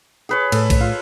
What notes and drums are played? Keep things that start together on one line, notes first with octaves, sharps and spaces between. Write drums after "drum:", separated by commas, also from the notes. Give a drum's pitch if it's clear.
G#4 B4 C#5
A2 A4, drum: cymbal
drum: kick B1, cymbal
F4